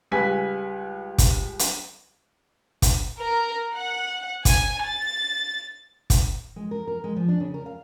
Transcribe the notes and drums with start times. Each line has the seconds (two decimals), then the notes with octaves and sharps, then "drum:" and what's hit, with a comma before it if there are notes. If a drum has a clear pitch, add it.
0.12 C#2 G3 B4 G#5 B6
1.18 drum: kick, hi-hat
1.59 drum: hi-hat
2.82 drum: kick, hi-hat
3.19 A#4
3.75 F#5
4.45 G#5, drum: kick, hi-hat
4.83 A6
6.10 drum: kick, hi-hat
6.56 G#3
6.71 A#4
6.88 A#4
7.04 G#3
7.16 F3
7.28 D4
7.40 C#3
7.54 A#4
7.66 F5